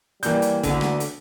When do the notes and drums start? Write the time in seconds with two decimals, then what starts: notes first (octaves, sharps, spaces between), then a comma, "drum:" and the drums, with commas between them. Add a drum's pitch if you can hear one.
0.23 E3 G3 A#3 G6, drum: hi-hat
0.42 drum: hi-hat
0.63 D2 D3 B3, drum: kick, hi-hat
0.81 drum: rim click
1.00 drum: hi-hat